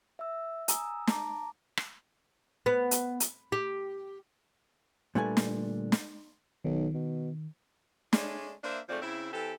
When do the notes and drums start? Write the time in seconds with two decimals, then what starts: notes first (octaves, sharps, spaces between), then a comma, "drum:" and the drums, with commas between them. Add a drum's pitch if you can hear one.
0.19 E5 E6
0.68 G#5 A#5 D#6 E6, drum: hi-hat
1.07 A5 A#5 D6, drum: snare
1.77 drum: rim click
2.66 B3
2.91 drum: hi-hat
3.20 drum: hi-hat
3.52 G4
5.15 A#2 D3 G3 A3 B4 G#5
5.37 drum: snare
5.92 drum: snare
6.65 B1 D#3
6.94 B2
8.13 G#3 A3 C#4 D4, drum: snare
8.64 A#3 D4 C5 E5
8.89 G#2 F3 A3 C4 D5
9.01 C#3 C4 E4
9.32 E3 C4 G4 A4